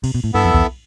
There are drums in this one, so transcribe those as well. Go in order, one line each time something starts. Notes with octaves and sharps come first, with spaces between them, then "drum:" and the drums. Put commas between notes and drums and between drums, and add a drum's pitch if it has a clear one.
C3, drum: cymbal
B2
A2
G2 B3 E4 A4 E5
F2
E2, drum: kick B1